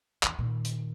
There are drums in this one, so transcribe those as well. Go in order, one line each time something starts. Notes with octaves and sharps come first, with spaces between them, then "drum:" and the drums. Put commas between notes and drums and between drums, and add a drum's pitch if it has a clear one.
E2 E3, drum: clap
A#2 D#3
drum: hi-hat